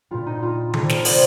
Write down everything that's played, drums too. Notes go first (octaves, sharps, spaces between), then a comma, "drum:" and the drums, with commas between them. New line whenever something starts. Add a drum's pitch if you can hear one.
A#2 G3 F4
D#4
F4
C3 G3 A4, drum: tom D#3
A#4, drum: snare
D5
C5, drum: open hi-hat